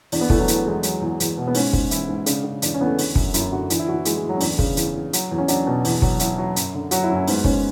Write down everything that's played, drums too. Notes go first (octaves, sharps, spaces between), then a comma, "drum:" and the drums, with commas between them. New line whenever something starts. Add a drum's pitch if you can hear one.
E2 D4, drum: open hi-hat
B3
E3 A3, drum: kick
F#3
E2, drum: hi-hat
E2 G#3
F#3, drum: hi-hat
E2
E2, drum: hi-hat
B2
B3
G#2 C#4, drum: open hi-hat
G#2, drum: kick
E3 E4, drum: hi-hat
G#2
C#3 D4, drum: hi-hat
C#3
E2 D4, drum: hi-hat
C#4
E2 B3
A3
D3 C#4, drum: open hi-hat
F#2, drum: kick
F#2 E4, drum: hi-hat
D3 F#4
E3 D4, drum: hi-hat
E4
E3 F#4
E3 G#3, drum: hi-hat
G#3
A2
F#3
C#4
E2 D4, drum: open hi-hat
C#3, drum: kick
E2, drum: hi-hat
E2
F#3, drum: hi-hat
E2
C#4
F#3 D4, drum: hi-hat
B2
E2, drum: open hi-hat
F#3, drum: kick
F#3 E4, drum: hi-hat
F#3
F#2, drum: hi-hat
D3
F#3 F#4, drum: hi-hat
E4
F#2
C#4
G#2 B3, drum: open hi-hat
G#2 C#4, drum: kick